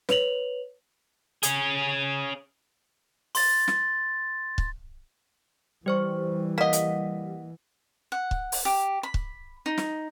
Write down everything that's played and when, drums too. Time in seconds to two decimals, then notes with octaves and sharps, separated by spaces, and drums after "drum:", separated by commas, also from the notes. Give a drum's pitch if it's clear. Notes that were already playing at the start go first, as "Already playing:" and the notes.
0.09 B4 C#5 F7 F#7, drum: snare
1.43 C#4 G#4, drum: hi-hat
3.35 C6 A6, drum: open hi-hat
3.68 drum: snare
4.58 drum: kick C#1
5.86 E3 G3 G4 C5 C#6
6.58 A#3 D#5 F#5 B6
6.73 drum: hi-hat
8.12 F#5
8.31 drum: kick C#1
8.52 drum: open hi-hat
8.65 G4
9.03 B5
9.14 drum: kick C#1
9.66 D#4
9.78 drum: snare